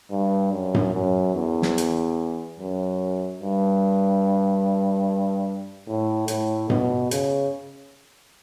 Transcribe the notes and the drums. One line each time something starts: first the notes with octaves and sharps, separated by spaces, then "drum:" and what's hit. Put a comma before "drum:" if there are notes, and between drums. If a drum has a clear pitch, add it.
G2
F#2
drum: tom G2
F#2
E2
drum: snare
drum: hi-hat
F#2
G2
A2
A2, drum: hi-hat
B2, drum: tom G2
C#3, drum: hi-hat